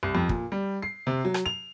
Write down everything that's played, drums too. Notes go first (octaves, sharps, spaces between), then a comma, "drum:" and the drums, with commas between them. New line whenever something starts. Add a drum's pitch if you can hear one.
C2
F2
A#2, drum: kick
G3
C7
C3
F#3
drum: rim click
F7